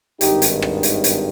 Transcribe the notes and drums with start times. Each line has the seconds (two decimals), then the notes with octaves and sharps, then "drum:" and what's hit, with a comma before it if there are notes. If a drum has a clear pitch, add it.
0.21 G#1 G2 D#3 D#4 G4, drum: hi-hat
0.42 drum: hi-hat
0.62 drum: rim click
0.83 drum: hi-hat
1.04 drum: hi-hat